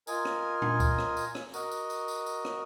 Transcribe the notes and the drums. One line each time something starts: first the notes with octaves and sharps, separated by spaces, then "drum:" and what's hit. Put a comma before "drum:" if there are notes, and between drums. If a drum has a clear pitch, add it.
F4 A#4 D#5 G#5, drum: tambourine
drum: rim click
drum: tom
drum: kick C#2, tambourine
drum: rim click
drum: tambourine
drum: rim click
F#4 A#4 D#5, drum: tambourine
drum: tambourine
drum: tambourine
drum: tambourine
drum: tambourine
drum: rim click